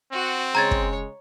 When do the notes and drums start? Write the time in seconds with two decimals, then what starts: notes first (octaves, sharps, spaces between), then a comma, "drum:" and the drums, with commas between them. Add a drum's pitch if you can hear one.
0.13 C4 F#4 F#5
0.55 C#3 G#3 C#5 A#5 G#6 A6
0.71 drum: kick